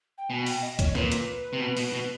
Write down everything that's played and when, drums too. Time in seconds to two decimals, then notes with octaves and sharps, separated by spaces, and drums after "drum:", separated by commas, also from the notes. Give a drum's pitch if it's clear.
0.18 G5
0.30 B2 G#5
0.46 G5, drum: open hi-hat
0.62 D#5
0.79 C#5, drum: kick, hi-hat
0.95 A#2 B4, drum: snare
1.12 drum: hi-hat
1.53 C3
1.60 B2
1.77 B2, drum: open hi-hat
1.93 B2